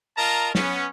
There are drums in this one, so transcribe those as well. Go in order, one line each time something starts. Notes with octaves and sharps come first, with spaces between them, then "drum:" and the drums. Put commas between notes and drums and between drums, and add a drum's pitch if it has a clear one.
F4 A#4 D#5 A5 A#5
B3 C#4, drum: snare